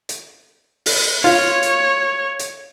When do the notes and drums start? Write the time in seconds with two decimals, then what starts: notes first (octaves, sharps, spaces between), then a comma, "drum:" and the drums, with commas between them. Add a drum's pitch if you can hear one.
0.09 drum: hi-hat
0.86 drum: open hi-hat
1.24 F4 C#5
1.63 drum: hi-hat
2.39 drum: hi-hat